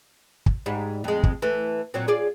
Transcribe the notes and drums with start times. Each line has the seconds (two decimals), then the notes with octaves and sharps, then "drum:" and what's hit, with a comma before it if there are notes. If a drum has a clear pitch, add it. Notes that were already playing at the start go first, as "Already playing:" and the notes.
0.46 drum: kick
0.66 G#2 G3
1.04 F2 G#3
1.23 drum: kick
1.42 E3 A3
1.94 A#2 F#3 C4
2.08 F4 G#4 D5